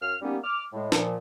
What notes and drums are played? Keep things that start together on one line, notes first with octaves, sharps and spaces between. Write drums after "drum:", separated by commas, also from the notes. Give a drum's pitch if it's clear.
F#2 F5 F6
G3 A#3 B3 C#4 D#4 G4
D6 F6
A2 G#3
A#2 F3, drum: snare